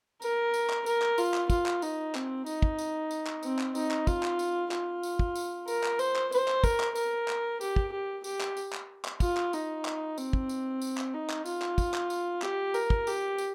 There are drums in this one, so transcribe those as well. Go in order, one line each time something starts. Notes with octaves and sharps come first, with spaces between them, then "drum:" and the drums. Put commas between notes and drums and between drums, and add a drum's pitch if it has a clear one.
A#4, drum: tambourine
drum: tambourine
drum: clap
A#4, drum: tambourine
drum: clap
F4, drum: tambourine
drum: clap
F4, drum: kick, tambourine
drum: clap
D#4, drum: tambourine
C4, drum: clap
D#4, drum: tambourine
drum: kick
drum: tambourine
drum: tambourine
drum: clap
C4, drum: tambourine
drum: clap
D#4, drum: tambourine
drum: clap
F4, drum: kick, tambourine
drum: clap
drum: tambourine
F4, drum: clap
drum: tambourine
drum: kick
drum: tambourine
A#4, drum: tambourine
drum: clap
C5, drum: tambourine
drum: clap
C5, drum: tambourine
drum: clap
A#4, drum: kick, tambourine
drum: clap
A#4, drum: tambourine
drum: clap
G4, drum: tambourine
drum: kick
G4
G4, drum: tambourine
drum: clap
drum: tambourine
drum: clap
drum: clap
F4, drum: kick, tambourine
drum: clap
D#4, drum: tambourine
drum: clap
C4, drum: tambourine
drum: kick
drum: tambourine
drum: tambourine
drum: clap
D#4
drum: clap
F4, drum: tambourine
drum: clap
drum: kick, tambourine
drum: clap
drum: tambourine
G4, drum: clap
A#4, drum: tambourine
drum: kick
G4, drum: tambourine
drum: tambourine